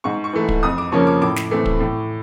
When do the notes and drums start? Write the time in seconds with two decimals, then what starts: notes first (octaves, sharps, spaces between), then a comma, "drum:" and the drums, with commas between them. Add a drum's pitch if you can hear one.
0.04 G#2 C#6
0.24 C#6
0.33 E3 A3
0.49 drum: kick
0.63 F2 D#6
0.78 D6
0.92 C#3 F3 A#3 C#4 C#6
1.07 D6
1.21 A2 D6
1.36 drum: snare
1.51 E3 A3 C4
1.66 drum: kick
1.80 A2